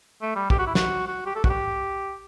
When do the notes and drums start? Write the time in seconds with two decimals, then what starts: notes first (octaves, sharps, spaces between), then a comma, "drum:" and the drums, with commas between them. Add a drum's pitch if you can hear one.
0.22 A3
0.36 G3
0.50 G4, drum: kick
0.58 F#4
0.67 E4
0.75 F#4, drum: snare
1.07 F#4
1.26 G4
1.35 A4
1.44 F#4, drum: kick
1.50 G4